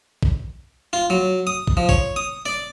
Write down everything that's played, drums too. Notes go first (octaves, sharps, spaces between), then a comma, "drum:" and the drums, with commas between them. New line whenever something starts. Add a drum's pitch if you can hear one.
drum: kick
F4
F#3
D#6
drum: kick
F3
C#5, drum: kick
D#6
D5